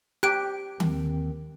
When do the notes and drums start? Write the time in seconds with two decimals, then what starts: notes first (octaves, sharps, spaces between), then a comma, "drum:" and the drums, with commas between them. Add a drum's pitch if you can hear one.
0.23 G4 F#6 D7
0.80 D#2 D#3 C4, drum: tom D#3